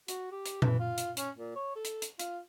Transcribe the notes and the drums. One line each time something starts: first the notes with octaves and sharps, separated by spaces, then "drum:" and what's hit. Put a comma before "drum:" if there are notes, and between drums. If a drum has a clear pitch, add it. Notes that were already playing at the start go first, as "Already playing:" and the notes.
F#4, drum: hi-hat
G4
drum: hi-hat
E3, drum: tom A#2
F4
drum: hi-hat
C#4, drum: hi-hat
A#2
C#5
A4
drum: hi-hat
drum: hi-hat
F4, drum: hi-hat